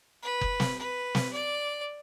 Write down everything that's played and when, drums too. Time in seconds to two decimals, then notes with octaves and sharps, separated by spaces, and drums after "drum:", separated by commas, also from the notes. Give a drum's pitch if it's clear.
0.23 B4
0.41 drum: kick F#1
0.60 drum: snare
0.78 B4
1.15 drum: snare
1.33 D5